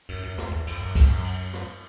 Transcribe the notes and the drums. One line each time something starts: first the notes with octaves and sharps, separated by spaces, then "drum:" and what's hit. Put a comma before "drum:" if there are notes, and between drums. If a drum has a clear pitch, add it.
F#2, drum: cymbal
F#2
F2, drum: rim click
E2
F2, drum: cymbal
F#2
F2, drum: kick C2, cymbal
F#2
drum: cymbal
drum: rim click